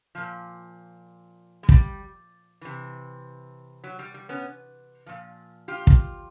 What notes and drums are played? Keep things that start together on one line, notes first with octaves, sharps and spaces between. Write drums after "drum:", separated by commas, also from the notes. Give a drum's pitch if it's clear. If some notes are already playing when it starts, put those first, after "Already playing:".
A#2 F3
G#3
G3, drum: kick
C3 E3
F#3
G3
G3
B3 C#4
A#2 F3
F4 G4
drum: kick